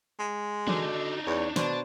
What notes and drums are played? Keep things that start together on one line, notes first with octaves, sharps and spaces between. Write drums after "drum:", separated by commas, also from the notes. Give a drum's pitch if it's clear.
G#3
D3 D4 D#4 F#4, drum: tom D#3
E2 C#5 D5
B2 D4 C5 D5, drum: snare